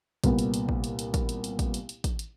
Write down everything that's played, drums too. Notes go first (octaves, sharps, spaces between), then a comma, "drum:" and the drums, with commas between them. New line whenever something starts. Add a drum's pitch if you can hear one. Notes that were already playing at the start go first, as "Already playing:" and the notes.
C2 A#2 B3, drum: kick, hi-hat
drum: hi-hat
drum: hi-hat
drum: kick
drum: hi-hat
drum: hi-hat
drum: kick, hi-hat
drum: hi-hat
drum: hi-hat
drum: kick, hi-hat
drum: hi-hat
drum: hi-hat
drum: kick, hi-hat
drum: hi-hat